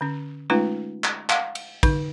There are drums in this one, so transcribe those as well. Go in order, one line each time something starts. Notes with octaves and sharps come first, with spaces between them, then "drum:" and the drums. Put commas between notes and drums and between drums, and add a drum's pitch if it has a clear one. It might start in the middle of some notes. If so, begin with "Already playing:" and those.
D3 C#4
G#3 A3 C#4 D#4 F4 B4
drum: clap
F5 F#5, drum: clap
drum: cymbal
D3 D#4, drum: kick, cymbal